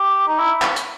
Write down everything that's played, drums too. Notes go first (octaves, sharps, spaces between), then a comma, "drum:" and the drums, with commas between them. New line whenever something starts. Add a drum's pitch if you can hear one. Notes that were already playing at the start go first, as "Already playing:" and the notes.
Already playing: G4
D#4
E4
drum: clap
drum: hi-hat